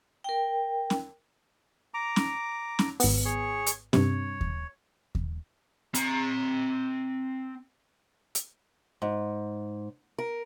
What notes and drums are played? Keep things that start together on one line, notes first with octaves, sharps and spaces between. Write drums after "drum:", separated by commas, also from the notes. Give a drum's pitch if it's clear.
A#4 G5
drum: snare C#4
A#5 D6
drum: snare C#4
drum: snare C#4
G#1 B3, drum: open hi-hat
G#4 C#5 C#6
drum: hi-hat
G2 C3 C#5, drum: snare C#4
drum: kick D#2
drum: kick D#2
C4 A#5, drum: hi-hat
drum: hi-hat
G#2
A#4